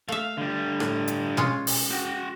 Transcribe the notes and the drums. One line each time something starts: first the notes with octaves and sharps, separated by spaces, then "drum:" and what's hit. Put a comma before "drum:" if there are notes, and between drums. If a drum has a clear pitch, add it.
A3 E5 F5
D3 G3
A2, drum: rim click
drum: hi-hat
G#3 C#4 F4, drum: tom B2
drum: open hi-hat
F#4 G5